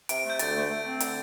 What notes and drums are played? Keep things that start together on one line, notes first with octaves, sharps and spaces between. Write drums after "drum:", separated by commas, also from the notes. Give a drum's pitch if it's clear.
C3 D7, drum: hi-hat
D7
A3
G6
D2 A6, drum: hi-hat
A3
A3
C4
D3, drum: hi-hat